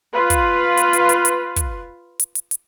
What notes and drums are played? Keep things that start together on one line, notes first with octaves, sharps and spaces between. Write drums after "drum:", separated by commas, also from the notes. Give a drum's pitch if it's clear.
F4 B4
drum: kick, hi-hat
drum: hi-hat
drum: hi-hat
drum: hi-hat
drum: hi-hat
drum: kick, hi-hat
drum: hi-hat
drum: hi-hat
drum: hi-hat